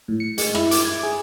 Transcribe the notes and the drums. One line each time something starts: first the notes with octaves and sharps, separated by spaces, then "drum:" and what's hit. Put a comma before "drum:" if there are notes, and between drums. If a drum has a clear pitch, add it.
A2
C#7
G#3, drum: hi-hat
E4, drum: rim click
D6, drum: hi-hat
G#6
G#4